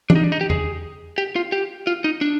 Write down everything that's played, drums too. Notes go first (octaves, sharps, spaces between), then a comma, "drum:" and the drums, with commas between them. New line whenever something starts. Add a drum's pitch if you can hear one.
D4, drum: tom E3
D#4
D4
D#4
G4
G#4, drum: tom E2
G4
F4
G4
F4
D#4
D4